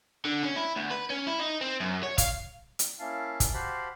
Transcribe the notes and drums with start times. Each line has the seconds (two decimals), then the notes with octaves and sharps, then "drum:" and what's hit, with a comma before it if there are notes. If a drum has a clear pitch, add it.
0.25 D3
0.43 C#4
0.56 E4
0.76 D2
0.90 B4
1.10 C#4
1.27 E4
1.40 D#4
1.61 C4
1.80 F#2
2.03 C#5
2.18 F5, drum: kick, hi-hat
2.79 drum: hi-hat
2.99 A#3 C#4 E4 F5 A5
3.40 drum: kick, hi-hat
3.54 F#4 G4 C5 F5 A5 B5